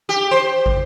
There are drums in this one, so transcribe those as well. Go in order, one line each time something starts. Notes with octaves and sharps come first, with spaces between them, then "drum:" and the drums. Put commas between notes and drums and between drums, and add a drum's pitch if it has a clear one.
G4
C5
drum: kick